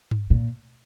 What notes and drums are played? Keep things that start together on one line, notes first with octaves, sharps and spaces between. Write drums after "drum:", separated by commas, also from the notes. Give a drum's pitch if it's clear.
drum: tom G2
A#2